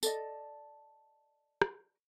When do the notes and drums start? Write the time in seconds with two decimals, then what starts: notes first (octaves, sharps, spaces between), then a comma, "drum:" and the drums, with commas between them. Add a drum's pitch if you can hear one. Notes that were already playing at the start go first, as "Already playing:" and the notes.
0.03 A4 D5 D#5, drum: tambourine
1.62 drum: rim click